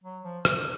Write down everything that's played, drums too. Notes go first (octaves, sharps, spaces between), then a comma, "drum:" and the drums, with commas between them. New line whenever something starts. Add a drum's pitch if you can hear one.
F#3
F3
drum: rim click